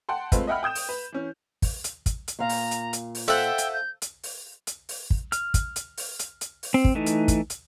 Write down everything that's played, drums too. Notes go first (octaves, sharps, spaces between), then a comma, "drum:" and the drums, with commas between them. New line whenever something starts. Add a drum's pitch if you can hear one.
F#5 G5 A5 C6
G#3 A3 C4 F4 B4 C5, drum: kick, hi-hat
D#5 E5 F#5 G5 B5 F6
G5 D#6 G6 E7
drum: open hi-hat
B4
E3 C#4
drum: kick, open hi-hat
drum: hi-hat
drum: kick, hi-hat
drum: hi-hat
A#2 F5 A#5
drum: open hi-hat
drum: hi-hat
drum: hi-hat
drum: open hi-hat
F4 A4 C5 E5 F#5 G5
drum: hi-hat
G6
drum: hi-hat
drum: open hi-hat
drum: hi-hat
drum: open hi-hat
drum: kick
F6, drum: hi-hat
drum: kick, hi-hat
drum: hi-hat
drum: open hi-hat
drum: hi-hat
drum: hi-hat
drum: open hi-hat
C4
drum: kick
E3 A3 D#4
drum: hi-hat
drum: kick, hi-hat
drum: hi-hat